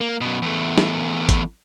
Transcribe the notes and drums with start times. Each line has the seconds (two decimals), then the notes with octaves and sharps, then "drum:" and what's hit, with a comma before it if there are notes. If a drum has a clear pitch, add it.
0.01 A#3
0.21 F#2 B2
0.42 E2 A3
0.78 drum: snare
1.29 drum: kick G#1, hi-hat